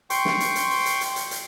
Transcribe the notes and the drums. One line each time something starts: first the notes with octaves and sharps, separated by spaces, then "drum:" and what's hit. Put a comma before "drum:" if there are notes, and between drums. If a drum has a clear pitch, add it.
G5 C6 C#6, drum: hi-hat
drum: snare
drum: hi-hat
drum: hi-hat
drum: open hi-hat
drum: hi-hat
drum: hi-hat
drum: hi-hat
drum: hi-hat